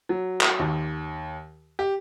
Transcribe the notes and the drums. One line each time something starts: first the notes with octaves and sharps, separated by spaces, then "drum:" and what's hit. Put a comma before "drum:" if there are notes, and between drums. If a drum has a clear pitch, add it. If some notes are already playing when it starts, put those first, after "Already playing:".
F#3
drum: clap
D#2
G4